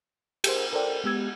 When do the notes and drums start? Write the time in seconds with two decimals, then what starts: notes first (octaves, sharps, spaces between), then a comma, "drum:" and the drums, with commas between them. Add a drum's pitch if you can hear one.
0.44 G4 G#4 A#4 C5, drum: cymbal
0.73 A4 A#4 C5 D5 G5
1.04 G#3 B3 G4 E6 G#6